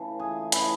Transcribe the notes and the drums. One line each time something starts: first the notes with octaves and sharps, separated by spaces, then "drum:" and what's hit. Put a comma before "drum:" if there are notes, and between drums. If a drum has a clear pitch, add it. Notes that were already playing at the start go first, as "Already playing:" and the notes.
Already playing: C#3 E3 A3
G#4
C#3 E3 A3 E4, drum: hi-hat